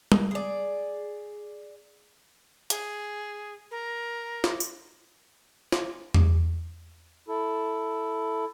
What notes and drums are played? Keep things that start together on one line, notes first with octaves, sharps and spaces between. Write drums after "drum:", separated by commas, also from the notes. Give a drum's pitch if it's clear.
drum: tom
G#4 D5
G#4, drum: hi-hat
A#4
drum: snare
drum: tambourine
drum: snare
drum: tom E2
E4 A4